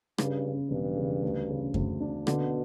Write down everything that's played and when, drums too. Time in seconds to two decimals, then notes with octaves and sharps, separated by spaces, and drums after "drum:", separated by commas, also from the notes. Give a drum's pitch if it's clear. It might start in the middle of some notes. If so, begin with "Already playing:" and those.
0.18 G2 C#3, drum: rim click
0.45 C#3
0.70 E1 G2
0.96 C#3
1.23 D2
1.49 C#3
1.74 D2, drum: kick F#2
2.00 D4
2.27 B2 D3, drum: rim click